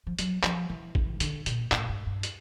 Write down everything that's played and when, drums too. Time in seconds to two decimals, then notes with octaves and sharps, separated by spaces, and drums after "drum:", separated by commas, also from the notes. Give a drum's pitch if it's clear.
0.07 F3
0.19 F#3, drum: hi-hat
0.43 F3, drum: clap
0.69 E3
0.95 drum: kick A1
1.20 D3, drum: hi-hat
1.46 A#2, drum: hi-hat
1.72 A2, drum: clap
1.89 G#2
2.06 G2
2.23 drum: hi-hat